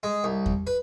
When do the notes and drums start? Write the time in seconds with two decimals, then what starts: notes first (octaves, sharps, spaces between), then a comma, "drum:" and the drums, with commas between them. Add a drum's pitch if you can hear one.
0.03 G#3
0.24 C2
0.46 drum: kick E2
0.67 B4